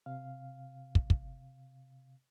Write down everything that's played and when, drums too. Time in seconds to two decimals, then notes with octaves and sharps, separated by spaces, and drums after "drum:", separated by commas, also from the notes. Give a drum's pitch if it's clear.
0.06 C3 F5
0.95 drum: kick
1.10 drum: kick